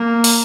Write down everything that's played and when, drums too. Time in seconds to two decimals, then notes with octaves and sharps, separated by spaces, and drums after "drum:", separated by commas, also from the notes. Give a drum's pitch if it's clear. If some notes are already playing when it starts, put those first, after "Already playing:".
Already playing: A#3
0.24 drum: open hi-hat